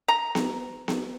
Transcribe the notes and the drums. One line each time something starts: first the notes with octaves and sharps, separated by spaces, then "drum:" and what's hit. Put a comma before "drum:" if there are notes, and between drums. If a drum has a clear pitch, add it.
A#5
drum: snare B3
drum: snare B3